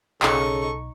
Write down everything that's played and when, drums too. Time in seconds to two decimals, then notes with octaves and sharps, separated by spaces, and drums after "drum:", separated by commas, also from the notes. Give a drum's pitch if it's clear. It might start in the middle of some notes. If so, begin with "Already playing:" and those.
0.23 B1 C#3 D#4 A4 C#6, drum: clap